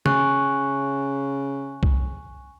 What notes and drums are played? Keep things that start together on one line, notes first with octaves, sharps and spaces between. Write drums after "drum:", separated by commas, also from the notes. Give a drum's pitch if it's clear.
C#3 G#5 C#6 F#6, drum: tom C#3
drum: kick C2